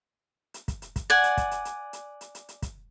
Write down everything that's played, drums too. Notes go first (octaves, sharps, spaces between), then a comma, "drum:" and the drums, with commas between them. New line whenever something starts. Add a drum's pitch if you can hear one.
drum: hi-hat
drum: kick, hi-hat
drum: hi-hat
drum: kick, hi-hat
D5 F#5 G#5
drum: hi-hat
drum: kick, hi-hat
drum: hi-hat
drum: hi-hat
drum: hi-hat
drum: hi-hat
drum: hi-hat
drum: hi-hat
drum: kick, hi-hat